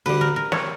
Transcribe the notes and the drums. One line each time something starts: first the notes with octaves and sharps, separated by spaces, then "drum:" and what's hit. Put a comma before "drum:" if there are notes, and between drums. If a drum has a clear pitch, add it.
D2 D3 G3 B4
A#4
A#4
C#5, drum: snare